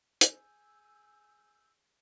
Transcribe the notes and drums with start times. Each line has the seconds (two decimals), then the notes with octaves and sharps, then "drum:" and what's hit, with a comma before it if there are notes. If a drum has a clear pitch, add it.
0.21 G#4 G#5 E6 G6, drum: hi-hat